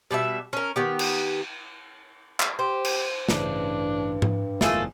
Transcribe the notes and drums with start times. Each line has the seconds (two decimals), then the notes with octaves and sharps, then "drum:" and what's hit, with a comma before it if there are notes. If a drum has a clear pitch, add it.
0.11 B2 G3 F#4 E5
0.53 C#4 A#4
0.76 D#3 B3 G4
0.99 drum: cymbal
2.40 drum: clap
2.59 G4 C5
2.85 drum: cymbal
3.29 A1 G2 C#3 E3 D4, drum: snare
4.22 drum: tom
4.61 F#1 E2 G#2 A3 A#3 F4 G#4 A4, drum: snare